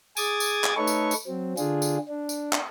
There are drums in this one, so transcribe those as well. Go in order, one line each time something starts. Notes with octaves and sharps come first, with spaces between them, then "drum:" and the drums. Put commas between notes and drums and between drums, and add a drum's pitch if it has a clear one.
G#4 G#5 D6 D#6 G#6 A6, drum: tambourine
drum: tambourine
drum: clap
A3 D#4 A4 B4 C#5 C#6
drum: tambourine
drum: tambourine
F#3 C4
D3 D4 F4 G#4, drum: tambourine
drum: tambourine
D4
drum: tambourine
drum: clap